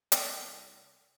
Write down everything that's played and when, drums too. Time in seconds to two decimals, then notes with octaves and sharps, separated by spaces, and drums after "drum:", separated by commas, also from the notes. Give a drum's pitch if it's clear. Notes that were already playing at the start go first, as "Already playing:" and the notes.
0.12 C2, drum: hi-hat